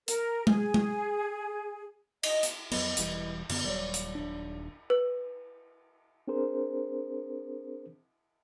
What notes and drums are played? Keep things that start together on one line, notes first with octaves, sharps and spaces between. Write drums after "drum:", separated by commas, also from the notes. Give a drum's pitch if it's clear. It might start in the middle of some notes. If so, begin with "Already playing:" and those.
A#4, drum: hi-hat
G#4, drum: tom G#3
drum: tom G#3
D#5, drum: cymbal
drum: hi-hat
F2 F#3 B3 B4 D#5, drum: cymbal
E1 E3 G3, drum: hi-hat
F#2 D3 B3, drum: cymbal
D#1 F#3 G3 D5
drum: hi-hat
D#1 D4
B4
C4 D4 G#4 A#4 C5